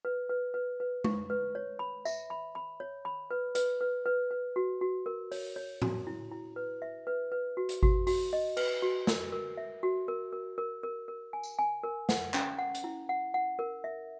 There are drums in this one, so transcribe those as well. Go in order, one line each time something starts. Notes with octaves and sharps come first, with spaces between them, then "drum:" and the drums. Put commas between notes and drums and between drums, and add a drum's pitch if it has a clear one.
B4
B4
B4
B4
C#6, drum: tom G#3
B4
C#5
B5
E5, drum: tambourine
B5
B5
C#5
B5
B4
B4, drum: hi-hat
B4
B4
B4
F#4
F#4
A#4
C#5, drum: open hi-hat
C#5
F#4, drum: tom A2
E4
E4
B4
E5
B4
B4
F#4
drum: hi-hat
F#4, drum: kick G#1
F#4, drum: open hi-hat
D#5
B4, drum: cymbal
F#4
A#4, drum: snare
A#4
E5
F#4
A#4
A#4
A#4
A#4
A#4
G#5
drum: tambourine
G#5
A#4
F#5, drum: snare
C#4, drum: clap
F#5
drum: hi-hat
E4
F#5
F#5
A#4
E5